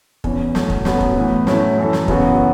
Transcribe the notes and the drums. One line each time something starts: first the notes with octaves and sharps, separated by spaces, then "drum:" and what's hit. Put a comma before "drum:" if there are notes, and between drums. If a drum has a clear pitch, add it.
E2 E3 C#4, drum: kick
F#2 F#3 A3, drum: snare
drum: kick
F#2 F#3 B3 F#4 A4, drum: snare
drum: kick
A2 E3 B3
A2 F#3 C#4 E4 A4, drum: snare
F#2 E3 C#4 A4
drum: snare
F#2 C#3 E3 B3 F#4, drum: kick